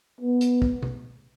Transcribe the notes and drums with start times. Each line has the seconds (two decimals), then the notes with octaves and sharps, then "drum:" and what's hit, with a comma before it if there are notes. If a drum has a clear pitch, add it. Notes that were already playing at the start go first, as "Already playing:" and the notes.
0.21 B3
0.41 drum: hi-hat
0.62 drum: kick
0.83 drum: tom B2